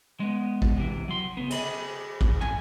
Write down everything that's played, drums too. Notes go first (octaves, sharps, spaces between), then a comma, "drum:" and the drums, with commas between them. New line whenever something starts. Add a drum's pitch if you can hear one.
G#3 B3
drum: kick
C3 E3
F#3 C6
C#3 B3
G#4 B5, drum: cymbal
drum: kick
G#5, drum: tom